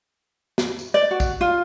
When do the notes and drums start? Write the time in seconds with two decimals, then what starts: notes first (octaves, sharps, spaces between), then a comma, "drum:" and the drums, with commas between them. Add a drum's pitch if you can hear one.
0.58 drum: snare
0.79 drum: tambourine
0.94 D5
1.11 F#4
1.20 drum: kick, tambourine
1.41 F4